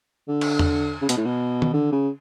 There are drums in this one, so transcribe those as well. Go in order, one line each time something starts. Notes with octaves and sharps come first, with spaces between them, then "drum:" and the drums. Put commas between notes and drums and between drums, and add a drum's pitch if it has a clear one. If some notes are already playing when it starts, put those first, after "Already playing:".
D3
drum: cymbal
drum: tom E2
C#3
B2, drum: hi-hat
A2
B2
drum: tom D#3
D3
C#3